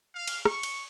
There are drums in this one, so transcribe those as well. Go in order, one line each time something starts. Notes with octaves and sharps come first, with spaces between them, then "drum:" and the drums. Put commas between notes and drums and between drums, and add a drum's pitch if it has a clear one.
F5
drum: cymbal
C#6, drum: rim click
drum: cymbal